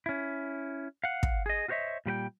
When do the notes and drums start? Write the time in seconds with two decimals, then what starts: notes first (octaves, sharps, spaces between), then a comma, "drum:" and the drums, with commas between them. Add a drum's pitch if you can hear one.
0.06 C#4 E4
1.04 F5 F#5
1.23 drum: kick
1.46 G#4 D#5
1.68 F4 F#4 C5 C#5 D#5 E5
2.06 A#2 G3 B4 G5